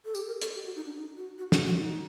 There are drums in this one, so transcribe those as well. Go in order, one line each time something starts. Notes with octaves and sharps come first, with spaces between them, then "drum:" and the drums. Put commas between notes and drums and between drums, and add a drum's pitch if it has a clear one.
A4
G4, drum: tambourine
A#4
A4, drum: hi-hat
G4
F#4
D#4
D4
D#4
F#4
F#4
F#4, drum: snare
F#4
D#4